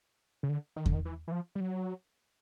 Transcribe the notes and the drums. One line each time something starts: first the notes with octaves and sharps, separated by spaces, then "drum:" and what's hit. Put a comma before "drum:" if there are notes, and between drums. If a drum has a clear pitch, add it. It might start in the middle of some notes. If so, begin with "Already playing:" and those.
C#3
D3
D#3
D3, drum: kick E2
D#3
E3
E3
F3
G3
F#3